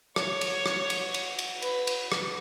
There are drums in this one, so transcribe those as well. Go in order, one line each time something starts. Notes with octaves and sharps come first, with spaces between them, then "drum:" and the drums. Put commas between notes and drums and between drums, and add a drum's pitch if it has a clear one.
C#5, drum: rim click
drum: cymbal
drum: rim click
drum: cymbal
drum: cymbal
drum: cymbal
B4, drum: cymbal
drum: cymbal
drum: rim click